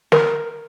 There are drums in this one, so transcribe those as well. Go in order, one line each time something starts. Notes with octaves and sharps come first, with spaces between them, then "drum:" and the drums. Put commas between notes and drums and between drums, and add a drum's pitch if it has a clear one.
A#4, drum: snare